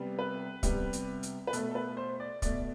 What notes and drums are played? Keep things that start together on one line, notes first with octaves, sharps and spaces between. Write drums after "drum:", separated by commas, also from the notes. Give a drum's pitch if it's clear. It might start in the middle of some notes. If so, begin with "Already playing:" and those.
Already playing: C3 G3 B3
B4
C3 G3 B3, drum: kick, hi-hat
drum: hi-hat
drum: hi-hat
B4
B2 A3 A4, drum: hi-hat
A4
B4
C5
D5
B2 A3 D5, drum: kick, hi-hat